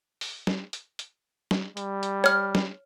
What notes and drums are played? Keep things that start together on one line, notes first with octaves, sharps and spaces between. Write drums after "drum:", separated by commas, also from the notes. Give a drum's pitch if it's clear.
drum: open hi-hat
drum: snare
drum: hi-hat
drum: hi-hat
drum: snare
G3, drum: hi-hat
drum: hi-hat
C#5 F6
drum: snare